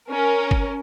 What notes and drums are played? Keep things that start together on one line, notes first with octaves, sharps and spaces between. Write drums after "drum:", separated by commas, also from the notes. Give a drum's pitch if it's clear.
C#4 A#4
drum: kick G1